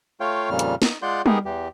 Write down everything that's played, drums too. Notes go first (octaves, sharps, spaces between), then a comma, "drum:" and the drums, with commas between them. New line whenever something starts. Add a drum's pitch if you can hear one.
A3 F4 C#5 F5 G5
F2 A#2 C#3 G3 F6
drum: hi-hat
D#4, drum: snare
G#3 F4 D5 F#5 C6 G6
B3 D#4 G4 G#4 A#4, drum: tom G3
E2 E3 G4